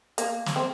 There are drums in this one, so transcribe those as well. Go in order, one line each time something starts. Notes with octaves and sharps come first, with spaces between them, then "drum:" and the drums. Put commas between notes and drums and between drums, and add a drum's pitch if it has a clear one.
A#3, drum: hi-hat
drum: snare
C4